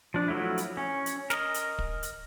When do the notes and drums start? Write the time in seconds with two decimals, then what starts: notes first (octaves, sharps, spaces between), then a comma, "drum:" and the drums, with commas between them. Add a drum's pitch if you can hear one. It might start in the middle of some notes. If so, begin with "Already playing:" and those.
0.14 F3 D4
0.28 F3 F#3 A3 E4
0.58 drum: hi-hat
0.77 C#4
1.06 drum: hi-hat
1.30 A#4 D#5, drum: snare
1.54 drum: hi-hat
1.78 drum: kick
2.03 drum: hi-hat